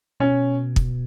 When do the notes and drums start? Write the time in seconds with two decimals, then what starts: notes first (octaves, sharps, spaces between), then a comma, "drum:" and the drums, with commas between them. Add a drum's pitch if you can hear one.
0.20 B2 C#4
0.76 drum: kick